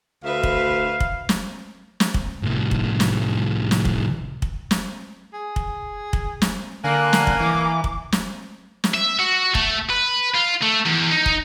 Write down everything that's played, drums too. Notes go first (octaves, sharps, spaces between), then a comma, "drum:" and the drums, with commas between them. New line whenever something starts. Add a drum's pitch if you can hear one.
D2 B4 E5 F5
drum: kick
drum: kick
drum: snare
drum: snare
drum: kick
C2 A2
drum: kick
drum: snare
drum: snare
drum: kick
drum: kick
drum: snare
G#4
drum: kick
drum: kick
drum: snare
D3 A#3 G#5 F#6
drum: snare
drum: kick
E3 D6
drum: kick
drum: snare
drum: snare
E5
F#4
A3, drum: kick
B4
F4
A3
E2
D#4
drum: kick